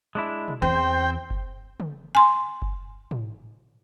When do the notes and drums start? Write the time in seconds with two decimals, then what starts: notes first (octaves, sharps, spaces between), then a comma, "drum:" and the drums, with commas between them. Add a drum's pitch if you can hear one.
0.15 G#3 D4 E4
0.48 drum: tom
0.62 E2 C4 C5 G5
1.30 drum: kick F#1
1.80 drum: tom
2.15 G#5 C6
2.62 drum: kick F#1
3.11 drum: tom